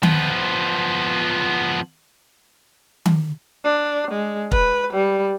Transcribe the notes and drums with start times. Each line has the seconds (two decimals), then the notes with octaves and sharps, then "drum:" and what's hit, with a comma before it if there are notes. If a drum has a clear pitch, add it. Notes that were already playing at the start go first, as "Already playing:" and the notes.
0.03 F3 B3, drum: tom D#3
3.06 drum: tom D#3
3.65 D4
4.11 G#3
4.51 B4, drum: kick
4.93 G3